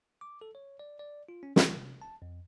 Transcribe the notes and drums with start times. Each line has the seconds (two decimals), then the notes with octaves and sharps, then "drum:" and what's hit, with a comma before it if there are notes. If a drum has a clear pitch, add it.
0.21 D6
0.41 A4
0.55 C#5
0.79 D5
0.99 D5
1.29 F4
1.43 C#4
1.56 F4, drum: snare
1.75 C3
2.02 A5
2.22 F2